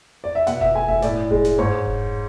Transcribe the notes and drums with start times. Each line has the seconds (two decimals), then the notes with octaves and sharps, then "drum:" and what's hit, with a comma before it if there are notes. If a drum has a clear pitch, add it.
0.24 D5
0.35 E5
0.47 B2 F#5, drum: snare
0.61 E5, drum: kick F1
0.75 A3 G#5
0.88 E5, drum: kick F1
1.02 A2 D5, drum: snare
1.31 G#3, drum: kick F1
1.45 drum: snare
1.59 G#2 C#5
1.86 drum: kick F1